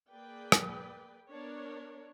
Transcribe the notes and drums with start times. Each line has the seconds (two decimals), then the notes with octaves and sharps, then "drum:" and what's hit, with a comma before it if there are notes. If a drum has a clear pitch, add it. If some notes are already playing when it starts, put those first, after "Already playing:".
0.11 A#3 G#4 B4 D5 G5
0.52 drum: rim click
1.30 B3 D4 A#4 C#5